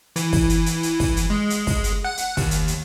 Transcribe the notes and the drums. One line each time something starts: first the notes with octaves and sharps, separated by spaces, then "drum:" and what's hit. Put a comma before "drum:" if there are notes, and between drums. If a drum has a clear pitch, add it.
E3, drum: hi-hat
drum: kick, open hi-hat
drum: hi-hat
drum: hi-hat
drum: hi-hat
drum: kick, open hi-hat
drum: hi-hat
G#3
drum: hi-hat
drum: kick, open hi-hat
drum: hi-hat
F#5
drum: hi-hat
D#2, drum: kick, open hi-hat
drum: hi-hat
drum: hi-hat